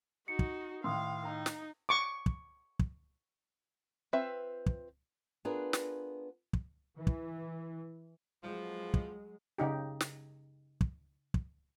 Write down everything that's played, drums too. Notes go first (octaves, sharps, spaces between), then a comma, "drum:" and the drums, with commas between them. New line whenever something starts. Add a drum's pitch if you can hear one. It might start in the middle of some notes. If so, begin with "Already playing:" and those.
D#4 F#4 C#7
drum: kick
A2 D#3 F5 C6 D#6
D#4 A#5
drum: snare
C#6 D6
drum: kick
drum: kick
C4 F4 B4 E5
drum: kick
B3 D4 F4 G#4 A#4 B4
drum: snare
drum: kick
E3
drum: kick
F2 B2 F3 F#3 G#3
drum: kick
C#3 D#4 G4
drum: snare
drum: kick
drum: kick